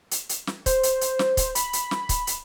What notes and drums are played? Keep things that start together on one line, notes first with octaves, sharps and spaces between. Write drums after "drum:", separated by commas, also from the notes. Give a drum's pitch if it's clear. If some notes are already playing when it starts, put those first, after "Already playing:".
drum: hi-hat
drum: hi-hat
drum: snare
C5, drum: kick, hi-hat
drum: hi-hat
drum: hi-hat
drum: snare
drum: kick, hi-hat
B5, drum: hi-hat
drum: hi-hat
drum: snare
drum: kick, hi-hat
drum: hi-hat